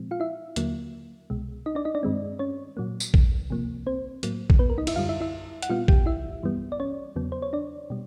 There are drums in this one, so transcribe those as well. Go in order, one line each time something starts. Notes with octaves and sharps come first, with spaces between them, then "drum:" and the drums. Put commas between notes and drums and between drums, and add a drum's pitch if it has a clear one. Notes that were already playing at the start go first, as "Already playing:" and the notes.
Already playing: A#2 F3 G#3 C4
F4 F5
E4 E5
D#2 D3 F#3 A#3, drum: hi-hat
C2 B2 G#3
D#4 D#5
D4 D5
D#4 D#5
D4 D5
G2 D#3 G#3 C4
C#4 C#5
A#2 F#3 A#3
drum: tambourine
drum: kick
C#2 C3 F3 A#3
C4 C5
A2 F#3 A#3, drum: hi-hat
drum: kick
B3 B4
A#4
D#4 D#5
E4 E5, drum: cymbal
F#2 D3 G3 F4 F5
E4 E5
E4 E5
F#5, drum: hi-hat
A#2 G3 B3 F4 F5
G4 G5, drum: kick
E4 E5
G2 E3 G3 B3
D5
C#4 C#5
E2 C#3 F#3 B3
C5
C#5
D4 D5
B2 G3